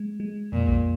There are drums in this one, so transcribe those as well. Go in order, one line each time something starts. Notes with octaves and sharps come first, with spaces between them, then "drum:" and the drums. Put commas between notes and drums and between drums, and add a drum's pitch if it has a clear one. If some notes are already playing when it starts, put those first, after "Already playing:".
Already playing: G#3
G#3
F2 A#2
drum: kick A#1